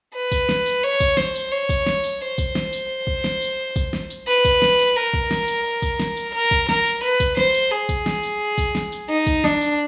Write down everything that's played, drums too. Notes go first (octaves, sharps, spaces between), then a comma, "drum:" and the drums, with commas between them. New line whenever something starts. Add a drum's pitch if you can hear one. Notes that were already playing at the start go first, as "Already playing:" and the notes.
B4
drum: kick, tambourine
drum: snare
drum: tambourine
C#5
drum: kick, tambourine
C5, drum: snare
drum: tambourine
C#5
drum: kick, tambourine
drum: snare
drum: tambourine
C5
drum: kick, tambourine
drum: snare
drum: tambourine
drum: kick
drum: snare
drum: tambourine
drum: kick, tambourine
drum: snare
drum: tambourine
B4
drum: kick, tambourine
drum: snare
drum: tambourine
A#4
drum: kick
drum: snare
drum: tambourine
drum: kick, tambourine
drum: snare
drum: tambourine
A#4
drum: kick, tambourine
A#4, drum: snare
drum: tambourine
B4
drum: kick, tambourine
C5, drum: snare
drum: tambourine
G#4
drum: kick, tambourine
drum: snare
drum: tambourine
drum: kick, tambourine
drum: snare
drum: tambourine
D#4
drum: kick, tambourine
D4, drum: snare
drum: tambourine